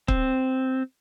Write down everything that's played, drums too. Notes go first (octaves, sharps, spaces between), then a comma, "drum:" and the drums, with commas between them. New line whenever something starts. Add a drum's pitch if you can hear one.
C4, drum: kick